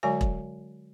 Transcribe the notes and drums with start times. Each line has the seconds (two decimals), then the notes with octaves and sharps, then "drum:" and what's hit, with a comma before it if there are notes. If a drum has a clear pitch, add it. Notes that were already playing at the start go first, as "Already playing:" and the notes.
0.03 D3 F#3 G#3 F#4 C#5 G#5
0.21 drum: kick E1